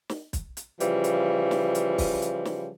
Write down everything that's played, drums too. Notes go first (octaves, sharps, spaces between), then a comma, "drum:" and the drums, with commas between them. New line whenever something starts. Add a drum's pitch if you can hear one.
drum: snare
drum: kick, hi-hat
drum: hi-hat
C#3 E3 F3 G3, drum: hi-hat
drum: hi-hat
drum: snare
drum: hi-hat
drum: kick, open hi-hat
drum: hi-hat
drum: snare